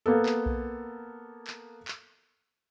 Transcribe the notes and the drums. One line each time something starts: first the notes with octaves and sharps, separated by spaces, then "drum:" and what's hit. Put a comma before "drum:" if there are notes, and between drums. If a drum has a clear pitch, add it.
A#3 B3 A4
drum: clap
drum: kick B1
drum: clap
drum: clap